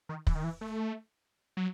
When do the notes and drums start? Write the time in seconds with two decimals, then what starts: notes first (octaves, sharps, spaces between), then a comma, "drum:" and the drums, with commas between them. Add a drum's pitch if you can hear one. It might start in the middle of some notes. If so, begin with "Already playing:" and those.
0.09 D#3
0.27 E3, drum: kick
0.35 D#3
0.44 E3
0.61 A3
1.57 F#3